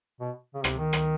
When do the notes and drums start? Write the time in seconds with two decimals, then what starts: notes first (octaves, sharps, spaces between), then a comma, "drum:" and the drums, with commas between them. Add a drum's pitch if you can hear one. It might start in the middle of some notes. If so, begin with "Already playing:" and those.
0.20 B2
0.54 C#3
0.64 C3, drum: rim click
0.78 D#3
0.93 drum: rim click